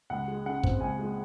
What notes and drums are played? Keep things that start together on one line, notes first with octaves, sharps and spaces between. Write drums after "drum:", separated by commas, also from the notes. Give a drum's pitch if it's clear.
C#2 F#5
G#3
C#3 F#5
C4, drum: kick
C#2 G#5
G#3